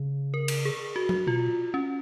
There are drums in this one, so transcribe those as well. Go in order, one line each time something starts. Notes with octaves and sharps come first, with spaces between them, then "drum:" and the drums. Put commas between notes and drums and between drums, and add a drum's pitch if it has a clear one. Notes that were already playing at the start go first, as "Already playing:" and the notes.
Already playing: C#3
A#4
drum: cymbal
G#4
F#4
drum: tom F#3
B2 F4
C#4